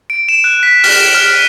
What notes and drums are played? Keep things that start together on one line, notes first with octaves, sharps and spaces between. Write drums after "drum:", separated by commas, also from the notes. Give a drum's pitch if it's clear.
D7
E7
F#6
B6
F6, drum: open hi-hat
D7
F6
D#7